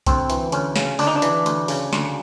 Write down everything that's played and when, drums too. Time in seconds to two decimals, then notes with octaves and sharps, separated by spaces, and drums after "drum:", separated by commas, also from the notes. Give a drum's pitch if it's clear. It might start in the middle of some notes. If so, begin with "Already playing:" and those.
0.06 D2 C4, drum: kick C2, hi-hat
0.30 E3, drum: hi-hat
0.52 D2 C#4, drum: hi-hat
0.76 C#3, drum: snare
0.99 D2 D4, drum: open hi-hat
1.07 D#4
1.16 D4
1.22 E3, drum: hi-hat
1.46 D2, drum: hi-hat
1.68 C#3, drum: open hi-hat
1.93 D2, drum: snare